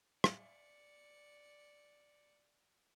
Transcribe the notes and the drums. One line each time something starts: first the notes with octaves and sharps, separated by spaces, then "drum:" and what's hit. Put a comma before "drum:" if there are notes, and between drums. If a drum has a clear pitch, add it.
D5 C#7, drum: rim click